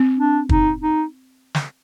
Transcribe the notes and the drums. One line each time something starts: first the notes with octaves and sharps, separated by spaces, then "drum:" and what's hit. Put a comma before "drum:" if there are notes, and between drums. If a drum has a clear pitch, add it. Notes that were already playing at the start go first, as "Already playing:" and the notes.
Already playing: C4
D4
D#4, drum: kick
D#4
drum: snare